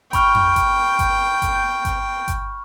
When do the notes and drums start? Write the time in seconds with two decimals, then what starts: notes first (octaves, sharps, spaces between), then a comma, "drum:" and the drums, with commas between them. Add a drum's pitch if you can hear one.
0.13 G5 B5 C#6 F6, drum: kick G1, hi-hat
0.35 drum: tom F2
0.56 drum: kick G1, hi-hat
0.99 drum: kick G1, hi-hat
1.42 drum: kick G1, hi-hat
1.85 drum: kick G1, hi-hat
2.28 drum: kick G1, hi-hat